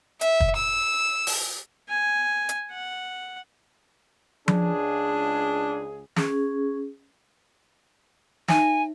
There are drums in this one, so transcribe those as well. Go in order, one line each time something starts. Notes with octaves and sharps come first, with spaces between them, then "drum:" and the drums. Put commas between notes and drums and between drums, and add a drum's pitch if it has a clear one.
E5, drum: hi-hat
drum: kick
E6
drum: open hi-hat
G#5
drum: hi-hat
F#5
C#2 D4 G#4, drum: tom F3
C#4 G#4, drum: snare
D#4 C#5 E5 G#5, drum: snare